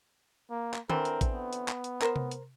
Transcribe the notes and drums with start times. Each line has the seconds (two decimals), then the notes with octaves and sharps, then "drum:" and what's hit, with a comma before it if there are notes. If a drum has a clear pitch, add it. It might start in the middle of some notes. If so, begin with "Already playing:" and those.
0.50 A#3
0.74 drum: clap
0.89 D3 E3 C4 A#4, drum: tom D#3
1.05 drum: hi-hat
1.21 drum: kick A1, hi-hat
1.31 B3
1.53 drum: hi-hat
1.68 drum: clap
1.84 drum: hi-hat
2.02 A#4 C5, drum: clap
2.16 drum: tom C3
2.31 drum: hi-hat